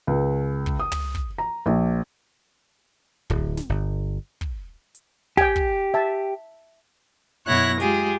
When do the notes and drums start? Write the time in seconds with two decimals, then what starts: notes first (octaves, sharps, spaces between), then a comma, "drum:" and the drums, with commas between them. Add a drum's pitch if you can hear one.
0.07 C#2
0.66 drum: kick
0.80 D#6
0.92 drum: tom
1.15 drum: kick
1.38 A#5
1.66 A#1
3.30 D1, drum: kick
3.57 drum: snare
3.69 G1
4.41 drum: kick
4.95 drum: hi-hat
5.37 G4 G5 G#5, drum: kick
5.56 drum: kick
5.94 E5 A5
7.46 F#2 B2 E4 C#5 F#6 A#6
7.80 G#3 F4 G4 G#4, drum: hi-hat